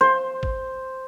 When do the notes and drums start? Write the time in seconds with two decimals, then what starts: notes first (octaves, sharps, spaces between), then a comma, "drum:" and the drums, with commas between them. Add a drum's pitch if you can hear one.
0.01 C5
0.43 drum: kick